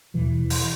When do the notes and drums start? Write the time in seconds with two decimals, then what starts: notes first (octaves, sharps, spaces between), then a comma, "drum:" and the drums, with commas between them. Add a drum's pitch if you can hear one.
0.14 E2 B2 E3
0.50 drum: open hi-hat